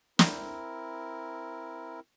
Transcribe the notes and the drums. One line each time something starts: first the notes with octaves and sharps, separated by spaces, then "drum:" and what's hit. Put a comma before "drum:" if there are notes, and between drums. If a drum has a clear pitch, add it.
C4 E4 A#4, drum: snare